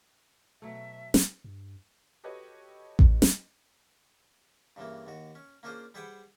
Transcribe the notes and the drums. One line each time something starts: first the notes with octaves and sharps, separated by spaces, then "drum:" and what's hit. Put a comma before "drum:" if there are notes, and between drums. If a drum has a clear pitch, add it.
B2 F#3 A3 E5
drum: snare
G2
F#4 G4 A4 B4 C#5 D#5
drum: kick A1
drum: snare
G2 C#3 E3 A#3
D#2 F#4
C#4
A#3 C#4 D4 F4 G#4 C5
G3 G#4 B4 C5 F#5 G5